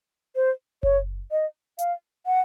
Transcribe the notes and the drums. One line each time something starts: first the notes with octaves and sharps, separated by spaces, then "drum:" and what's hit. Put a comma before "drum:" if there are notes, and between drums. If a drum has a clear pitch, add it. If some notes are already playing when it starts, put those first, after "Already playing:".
C5
C#5, drum: kick F#1
D#5
F5, drum: hi-hat
F#5